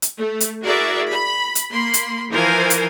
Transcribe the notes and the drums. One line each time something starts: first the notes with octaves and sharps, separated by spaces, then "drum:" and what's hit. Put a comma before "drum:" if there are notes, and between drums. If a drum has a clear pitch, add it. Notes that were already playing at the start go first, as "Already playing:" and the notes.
drum: hi-hat
A3
drum: hi-hat
E4 F#4 G#4 A#4 D5 E5
B5
drum: hi-hat
A#3 B5 C6
drum: hi-hat
E3 F3 F4 A#4 C5 G#5
drum: hi-hat